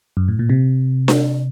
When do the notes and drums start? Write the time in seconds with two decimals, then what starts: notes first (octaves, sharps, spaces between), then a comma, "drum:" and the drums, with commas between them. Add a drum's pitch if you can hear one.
0.17 F#2
0.28 A2
0.39 A#2
0.50 C3
1.08 drum: snare D4